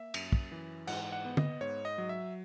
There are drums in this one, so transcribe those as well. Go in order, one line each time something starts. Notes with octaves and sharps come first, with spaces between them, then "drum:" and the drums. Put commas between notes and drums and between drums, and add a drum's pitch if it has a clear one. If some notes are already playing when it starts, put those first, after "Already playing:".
Already playing: A#3 E5
F#2, drum: cymbal
drum: kick
E3
G#2 F#5, drum: cymbal
F#5
B3
D#5, drum: tom
G#2 C#5
D#5
F#3
E5